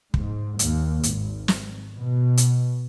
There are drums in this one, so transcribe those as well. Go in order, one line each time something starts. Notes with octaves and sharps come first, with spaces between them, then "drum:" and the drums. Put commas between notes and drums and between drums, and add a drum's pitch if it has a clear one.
G#2, drum: kick
D#2, drum: hi-hat
G#1, drum: hi-hat
drum: snare
B2
drum: hi-hat